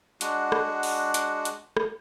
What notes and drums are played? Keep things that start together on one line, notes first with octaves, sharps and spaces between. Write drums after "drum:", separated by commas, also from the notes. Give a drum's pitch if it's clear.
G#3 D4 F#4 F#5, drum: hi-hat
drum: rim click
drum: open hi-hat
drum: hi-hat
drum: hi-hat
drum: rim click